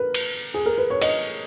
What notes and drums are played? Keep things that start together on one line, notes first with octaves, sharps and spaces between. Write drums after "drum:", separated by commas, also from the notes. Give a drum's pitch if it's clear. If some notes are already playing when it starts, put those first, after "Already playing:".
Already playing: A#4 B4
drum: cymbal
G#4
A#4
B4
C#5
D#5, drum: cymbal